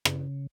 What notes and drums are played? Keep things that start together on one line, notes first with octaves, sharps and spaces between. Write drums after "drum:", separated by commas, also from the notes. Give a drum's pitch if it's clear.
C#3, drum: rim click